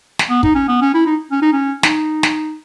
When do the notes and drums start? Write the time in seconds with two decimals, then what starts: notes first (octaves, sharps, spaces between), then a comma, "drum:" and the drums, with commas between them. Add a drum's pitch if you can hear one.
0.19 drum: snare
0.30 B3
0.43 D#4, drum: kick
0.55 C#4
0.68 B3
0.81 C#4
0.94 E4
1.06 D#4
1.31 C#4
1.42 D#4
1.53 C#4
1.83 D#4, drum: snare
2.23 drum: snare